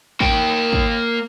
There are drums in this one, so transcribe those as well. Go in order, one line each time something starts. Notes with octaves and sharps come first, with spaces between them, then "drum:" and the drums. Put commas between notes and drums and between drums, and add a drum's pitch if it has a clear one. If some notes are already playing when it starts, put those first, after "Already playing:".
A#3 G5, drum: kick
drum: kick